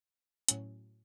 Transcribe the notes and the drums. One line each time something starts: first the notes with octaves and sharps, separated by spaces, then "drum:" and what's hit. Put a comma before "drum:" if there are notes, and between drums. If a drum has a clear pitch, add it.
A2 F#3 C#4, drum: hi-hat